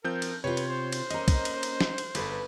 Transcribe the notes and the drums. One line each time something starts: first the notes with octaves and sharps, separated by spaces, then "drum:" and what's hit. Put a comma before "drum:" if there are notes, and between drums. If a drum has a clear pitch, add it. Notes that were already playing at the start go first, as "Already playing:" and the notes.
F3 C4 A#4 G6
drum: cymbal
C3 F4 B4 C#5
drum: cymbal
C5
drum: cymbal
A#3 C#4 D#5 A#5, drum: cymbal
drum: kick, cymbal
drum: cymbal
drum: cymbal
drum: snare
drum: cymbal
G1 A4 B4, drum: cymbal